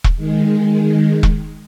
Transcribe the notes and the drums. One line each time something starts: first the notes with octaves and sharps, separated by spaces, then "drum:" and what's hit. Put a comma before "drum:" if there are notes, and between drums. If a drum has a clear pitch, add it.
drum: kick E1
D#3 G#3
drum: kick E1